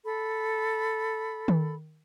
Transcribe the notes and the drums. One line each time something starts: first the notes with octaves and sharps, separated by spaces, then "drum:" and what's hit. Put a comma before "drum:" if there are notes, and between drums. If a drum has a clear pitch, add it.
A4 B5
drum: tom D#3